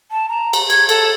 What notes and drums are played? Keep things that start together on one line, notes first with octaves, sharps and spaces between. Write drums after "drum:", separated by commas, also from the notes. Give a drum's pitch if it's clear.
A5
A#5
drum: cymbal
G#6, drum: cymbal
A4, drum: cymbal